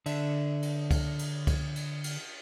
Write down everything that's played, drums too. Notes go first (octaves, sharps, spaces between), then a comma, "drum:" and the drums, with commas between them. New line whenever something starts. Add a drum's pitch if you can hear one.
D3 D4 E5, drum: cymbal
drum: cymbal
drum: kick C#2, cymbal
drum: cymbal
drum: kick C#2, cymbal
drum: cymbal
drum: cymbal